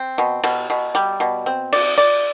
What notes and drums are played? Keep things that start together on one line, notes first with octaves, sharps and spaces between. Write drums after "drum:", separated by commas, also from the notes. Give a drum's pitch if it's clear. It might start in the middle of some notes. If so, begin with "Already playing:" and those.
Already playing: C4
B2
B2, drum: cymbal
B2
G3
B2
C4
D5, drum: cymbal
D5